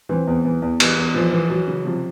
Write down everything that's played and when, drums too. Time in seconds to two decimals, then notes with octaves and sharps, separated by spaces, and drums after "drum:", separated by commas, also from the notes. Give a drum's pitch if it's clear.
0.09 E3 C4
0.27 E2
0.45 E3
0.62 E2
0.80 E3, drum: cymbal
0.97 E2
1.14 E3 F3
1.32 E3
1.50 E3 F#3
1.67 C#3
1.85 C3 F3